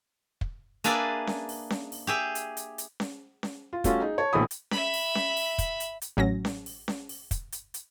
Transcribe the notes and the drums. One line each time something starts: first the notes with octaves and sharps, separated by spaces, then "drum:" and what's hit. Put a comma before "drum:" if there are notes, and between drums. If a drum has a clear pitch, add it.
drum: kick
A#3 D4 G#4 B4 D5 E5, drum: hi-hat
drum: snare C#4
drum: open hi-hat
drum: snare C#4
drum: open hi-hat
G4 G#4 E5
drum: hi-hat
drum: hi-hat
drum: hi-hat
drum: snare C#4
drum: snare C#4
F4
G3 A3 C#4 F4 F#4, drum: kick, hi-hat
D#4 G#4
C#5 A5
A#1 B2 E3 A3 B5 D#6
drum: hi-hat
E5 B5, drum: snare C#4
drum: open hi-hat
drum: snare C#4
drum: open hi-hat
drum: kick, hi-hat
drum: hi-hat
drum: hi-hat
A1 F#3 C#4 A#6
drum: snare C#4
drum: open hi-hat
drum: snare C#4
drum: open hi-hat
drum: kick, hi-hat
drum: hi-hat
drum: hi-hat